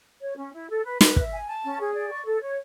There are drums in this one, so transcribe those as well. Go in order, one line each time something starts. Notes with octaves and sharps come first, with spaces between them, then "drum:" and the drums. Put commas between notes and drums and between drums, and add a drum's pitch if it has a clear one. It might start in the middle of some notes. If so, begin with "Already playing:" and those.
C#5
C#4
E4
A4
B4
B4, drum: snare
E5, drum: kick
G#5
A5
C#4
G#4
D5
C#6
A4
C#5